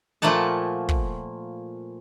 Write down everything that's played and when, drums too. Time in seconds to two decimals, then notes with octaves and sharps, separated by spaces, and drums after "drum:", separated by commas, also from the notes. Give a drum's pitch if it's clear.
0.22 A#2 F3 A3 A#3 F#5 A5
0.89 drum: kick